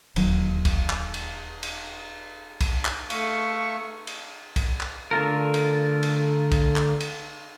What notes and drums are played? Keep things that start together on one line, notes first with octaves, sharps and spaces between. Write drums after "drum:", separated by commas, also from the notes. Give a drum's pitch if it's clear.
D1 D#2 F#3, drum: cymbal
drum: kick, cymbal
drum: clap
drum: cymbal
drum: cymbal
drum: kick, cymbal
drum: clap
A3 E5 F5 C#6, drum: cymbal
drum: cymbal
drum: kick, cymbal
drum: clap
D3 A3 F4 A#4
drum: cymbal
drum: cymbal
drum: kick, cymbal
drum: clap
drum: cymbal